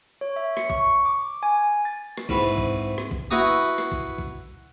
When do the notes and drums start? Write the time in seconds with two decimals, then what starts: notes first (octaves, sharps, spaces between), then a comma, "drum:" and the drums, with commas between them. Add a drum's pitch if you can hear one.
0.21 C#5
0.36 E5
0.57 C#7, drum: rim click
0.70 C#6, drum: kick
1.05 D6
1.43 G#5
1.85 A6
2.17 drum: rim click
2.29 G#2 C4 E4 F#4 B4, drum: kick
2.58 drum: kick
2.98 drum: rim click
3.11 drum: kick
3.31 E4 F#4 B4 A#5 D#6
3.78 drum: rim click
3.92 drum: kick
4.18 drum: kick